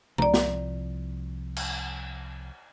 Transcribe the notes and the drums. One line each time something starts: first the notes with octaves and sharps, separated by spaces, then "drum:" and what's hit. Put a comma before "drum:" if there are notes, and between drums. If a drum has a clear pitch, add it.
C2 F3 D5 A#5, drum: tom C3
drum: snare
drum: cymbal